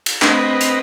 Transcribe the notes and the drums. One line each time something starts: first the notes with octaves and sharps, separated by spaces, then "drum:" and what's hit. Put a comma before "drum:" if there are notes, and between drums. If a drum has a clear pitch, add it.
drum: cymbal
A3 C4 D4 B4 D#5, drum: clap
drum: hi-hat